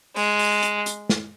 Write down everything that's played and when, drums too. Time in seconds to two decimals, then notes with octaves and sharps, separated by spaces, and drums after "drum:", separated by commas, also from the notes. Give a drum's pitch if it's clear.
0.16 G#3, drum: open hi-hat
0.39 drum: open hi-hat
0.63 drum: hi-hat
0.86 drum: hi-hat
1.09 drum: snare